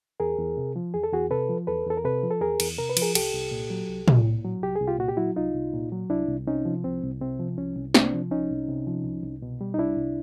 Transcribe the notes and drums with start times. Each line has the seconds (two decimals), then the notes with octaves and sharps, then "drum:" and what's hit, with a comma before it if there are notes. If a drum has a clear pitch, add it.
0.20 E2 G#4 A#4
0.38 E2
0.57 C3
0.76 F3
0.94 E2 G#4
1.04 A4
1.13 E2 F#4 G#4
1.31 C3 A4 B4
1.49 F3
1.67 E2 A4 B4
1.86 E2 A4
1.97 A#4
2.04 C3 A4 B4
2.23 F3
2.31 A4
2.41 E2 G#4 A#4
2.60 E2, drum: cymbal
2.78 C3 A#4
2.90 B4
2.97 F3, drum: cymbal
3.02 G#4 A#4
3.15 C2 G4 A4, drum: cymbal
3.34 C2
3.51 A#2
3.70 F#3
3.89 C2
4.08 C2, drum: tom
4.25 A#2
4.44 F#3
4.63 C2 G4
4.75 G#4
4.81 C2
4.88 F4 G4
4.99 A#2 F#4
5.08 G4
5.17 F#3 E4 F#4
5.36 C2 D#4 F4
5.55 C2
5.73 A#2
5.92 F#3
6.10 C2 D4 E4
6.29 C2
6.47 C3 C#4 D#4
6.65 F3
6.84 C2 C4
7.03 C2
7.21 C3 C4
7.39 F3
7.57 C2 C#4
7.76 C2
7.94 C3 C4 D4, drum: snare
8.13 F3
8.31 C2 C#4 D#4
8.50 C2
8.68 C3
8.87 F3
9.05 C2
9.23 C2
9.42 B2
9.61 G3
9.74 D#4
9.79 C2 D4 E4
9.97 C2